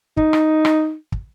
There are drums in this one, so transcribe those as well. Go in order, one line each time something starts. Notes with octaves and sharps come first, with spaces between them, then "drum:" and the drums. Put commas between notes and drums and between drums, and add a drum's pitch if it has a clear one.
D#4, drum: kick
drum: rim click
drum: rim click
drum: kick